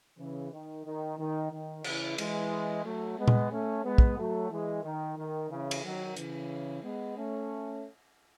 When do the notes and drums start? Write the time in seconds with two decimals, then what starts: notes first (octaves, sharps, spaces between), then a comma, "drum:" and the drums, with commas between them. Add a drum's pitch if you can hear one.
0.18 C#3 E3
0.52 D#3
0.85 D#3
1.18 D#3
1.52 D#3
1.84 C#3 E3, drum: cymbal
2.18 E3 G#3, drum: cymbal
2.84 F#3 A3
3.18 G#3 B3
3.28 drum: tom A#2
3.51 A3 C#4
3.84 G#3 B3
3.98 drum: kick
4.18 F#3 A3
4.51 E3 G#3
4.84 D#3
5.17 D#3
5.50 C#3 E3
5.71 drum: cymbal
5.83 D#3 F#3
6.16 C#3 E3, drum: hi-hat
6.82 G#3 B3
7.16 A3 C#4